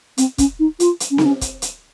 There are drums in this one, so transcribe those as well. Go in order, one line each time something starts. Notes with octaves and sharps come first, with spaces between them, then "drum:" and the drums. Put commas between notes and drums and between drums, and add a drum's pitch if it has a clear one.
C4, drum: hi-hat
C#4, drum: kick, hi-hat
D#4
F4, drum: hi-hat
drum: hi-hat
C#4
D#4, drum: snare C4
C#4
drum: kick, hi-hat
drum: hi-hat